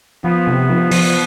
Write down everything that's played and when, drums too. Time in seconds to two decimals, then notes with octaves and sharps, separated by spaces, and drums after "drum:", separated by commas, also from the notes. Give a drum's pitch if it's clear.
0.24 F3 B3
0.47 C3
0.69 F3
0.91 F3, drum: open hi-hat